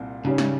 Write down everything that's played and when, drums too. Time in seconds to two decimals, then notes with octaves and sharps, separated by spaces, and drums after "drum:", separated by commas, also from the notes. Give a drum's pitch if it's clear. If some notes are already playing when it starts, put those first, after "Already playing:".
Already playing: C2 A#2 C4
0.24 G#2 C#3 G3 C#4
0.38 drum: snare